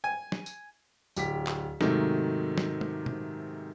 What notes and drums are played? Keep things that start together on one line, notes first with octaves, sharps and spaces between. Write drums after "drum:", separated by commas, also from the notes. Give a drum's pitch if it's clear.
G#5
drum: snare
drum: tambourine
D1 G4 B6, drum: tambourine
drum: clap
G#2 C3 D#3 F#3 A3, drum: snare
drum: snare
drum: tom
drum: tom A#2